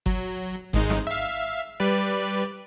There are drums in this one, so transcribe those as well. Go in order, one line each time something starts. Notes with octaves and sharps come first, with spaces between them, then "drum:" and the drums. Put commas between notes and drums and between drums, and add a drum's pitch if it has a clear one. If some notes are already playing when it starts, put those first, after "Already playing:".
F#3, drum: kick G1
G#1 G#3 D#4, drum: kick G1
drum: snare
E5 F5
G3 B4 D5